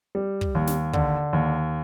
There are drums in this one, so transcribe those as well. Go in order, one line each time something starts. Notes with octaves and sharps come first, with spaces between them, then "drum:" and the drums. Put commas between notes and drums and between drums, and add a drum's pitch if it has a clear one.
G3
drum: kick
D#2
drum: snare
D3, drum: kick
D#2